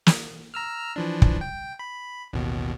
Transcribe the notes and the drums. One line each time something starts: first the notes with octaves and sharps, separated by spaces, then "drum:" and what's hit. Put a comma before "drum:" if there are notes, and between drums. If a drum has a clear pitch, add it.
drum: snare
A#5 E6 F6
E3 F3 D4
drum: kick
G5
B5
A1 D#2 B2